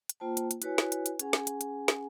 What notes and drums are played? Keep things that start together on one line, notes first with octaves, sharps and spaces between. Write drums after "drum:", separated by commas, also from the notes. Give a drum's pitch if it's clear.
drum: hi-hat
A#3 F4 C5 G5 A5
drum: hi-hat
drum: hi-hat
E4 F#4 B4 C#5 G#5, drum: hi-hat
drum: snare
drum: hi-hat
drum: hi-hat
C#4 G#4 F#5 G#5, drum: hi-hat
drum: snare
drum: hi-hat
drum: hi-hat
drum: snare